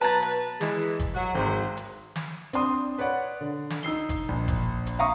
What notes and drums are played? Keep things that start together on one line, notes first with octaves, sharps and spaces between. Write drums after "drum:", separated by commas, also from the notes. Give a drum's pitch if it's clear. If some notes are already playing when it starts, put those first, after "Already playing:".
B2 F#3 B4 A5 A#5 A6
drum: hi-hat
E3 G#3, drum: snare
drum: kick, hi-hat
F#3 F#4
G#1 F#3 G#3 C5 C6
drum: hi-hat
drum: snare
C4 D4 C6 D#6, drum: hi-hat
B4 C#5 D5 F#5
D3
drum: snare
D#4 E6 C7 G7
drum: kick, hi-hat
A#1
drum: kick, hi-hat
drum: hi-hat
E5 F5 A#5 C#6 D#6